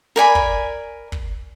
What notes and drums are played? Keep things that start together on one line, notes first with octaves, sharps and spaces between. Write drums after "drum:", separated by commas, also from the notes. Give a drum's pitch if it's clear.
A#4 D5 G#5 B5
drum: kick
drum: kick